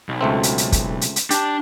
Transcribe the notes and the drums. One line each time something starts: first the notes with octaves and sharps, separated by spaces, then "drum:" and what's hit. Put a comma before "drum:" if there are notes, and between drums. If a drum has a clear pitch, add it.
B1
C#2 A3 C4
drum: hi-hat
drum: hi-hat
drum: kick, hi-hat
drum: hi-hat
drum: hi-hat
D4 G4 A5, drum: hi-hat